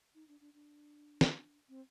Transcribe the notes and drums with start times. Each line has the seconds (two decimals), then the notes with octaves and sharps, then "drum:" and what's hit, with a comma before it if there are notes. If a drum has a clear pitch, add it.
0.15 D#4
0.28 D4
0.41 D4
0.54 D4
1.21 drum: snare
1.69 C4